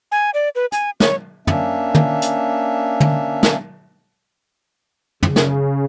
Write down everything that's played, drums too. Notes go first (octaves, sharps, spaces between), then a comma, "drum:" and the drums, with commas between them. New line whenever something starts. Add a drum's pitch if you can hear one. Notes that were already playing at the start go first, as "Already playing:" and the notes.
G#5
D5
B4
G#5, drum: hi-hat
C#5, drum: snare
A#3 C#4 D4 E5, drum: tom
drum: tom
drum: hi-hat
drum: tom
drum: snare
C#3, drum: tom
drum: snare